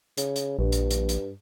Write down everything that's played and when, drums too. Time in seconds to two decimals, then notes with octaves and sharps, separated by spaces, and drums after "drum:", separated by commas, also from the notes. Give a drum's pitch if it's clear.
0.17 C#3, drum: hi-hat
0.36 drum: hi-hat
0.59 A#1 G2
0.72 drum: hi-hat
0.91 drum: hi-hat
1.09 drum: hi-hat